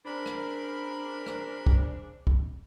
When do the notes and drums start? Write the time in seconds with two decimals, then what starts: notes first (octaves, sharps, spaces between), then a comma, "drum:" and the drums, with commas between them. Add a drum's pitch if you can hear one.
0.06 C#3 C4 D4 A#4 B5
0.26 drum: rim click
1.26 drum: rim click
1.66 drum: kick
2.27 drum: kick